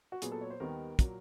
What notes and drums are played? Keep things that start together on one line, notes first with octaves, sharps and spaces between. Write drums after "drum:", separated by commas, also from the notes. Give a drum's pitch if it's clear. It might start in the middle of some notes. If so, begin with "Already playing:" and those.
F#4
A#2 F#3 B3 G#4, drum: hi-hat
A4
C#5
C5
D#2 D#3 G3 B3 A#4
A#2 F#3 A#3, drum: kick, hi-hat